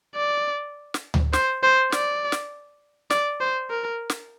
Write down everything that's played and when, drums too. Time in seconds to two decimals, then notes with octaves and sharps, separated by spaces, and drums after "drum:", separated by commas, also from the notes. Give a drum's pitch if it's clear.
0.16 D5
0.94 drum: snare
1.14 drum: tom D2
1.33 C5, drum: snare
1.63 C5
1.92 D5, drum: snare
2.32 drum: snare
3.10 D5, drum: snare
3.41 C5
3.70 A#4
4.10 drum: snare